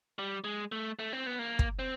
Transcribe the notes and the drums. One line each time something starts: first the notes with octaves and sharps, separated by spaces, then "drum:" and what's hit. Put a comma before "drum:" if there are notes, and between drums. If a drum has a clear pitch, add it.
G3
G#3
A3
A3
C4
B3
A#3
drum: kick
C4